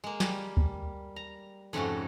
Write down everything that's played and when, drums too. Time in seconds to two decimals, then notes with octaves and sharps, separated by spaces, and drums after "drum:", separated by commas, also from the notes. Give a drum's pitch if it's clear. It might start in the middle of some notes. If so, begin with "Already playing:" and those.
0.04 G#3 A#3
0.20 G3, drum: snare
0.57 drum: kick D2
1.16 A#5
1.73 F2 G#2 C#3 A3 C#4 F#4